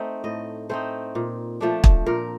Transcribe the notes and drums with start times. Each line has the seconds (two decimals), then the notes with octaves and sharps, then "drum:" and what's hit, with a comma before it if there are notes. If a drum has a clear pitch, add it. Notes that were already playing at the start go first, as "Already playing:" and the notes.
Already playing: A3 C4 D#4
0.24 A2 D#5
0.69 A3 C4 D#4 C5
1.15 A#2
1.61 F3 A3 D4
1.84 drum: kick
2.06 A#2 A#4